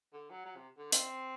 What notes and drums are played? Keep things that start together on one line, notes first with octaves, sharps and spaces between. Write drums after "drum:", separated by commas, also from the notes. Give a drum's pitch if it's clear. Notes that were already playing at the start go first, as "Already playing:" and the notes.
D3
F#3
F#3
C3
D3
C4, drum: hi-hat